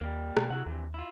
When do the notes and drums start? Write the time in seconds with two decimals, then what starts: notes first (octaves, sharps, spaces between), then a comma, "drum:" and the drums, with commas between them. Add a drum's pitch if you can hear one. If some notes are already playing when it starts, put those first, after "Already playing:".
0.01 D#2 G3 A#3
0.37 B2, drum: rim click
0.50 C3 F#3 E4 F#5
0.66 D#2 C3 E3
0.94 E4 F4